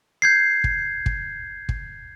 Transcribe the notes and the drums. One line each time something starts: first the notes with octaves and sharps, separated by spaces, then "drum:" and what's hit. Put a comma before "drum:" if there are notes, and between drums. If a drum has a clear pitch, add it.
G6 G#6 C7
drum: kick
drum: kick
drum: kick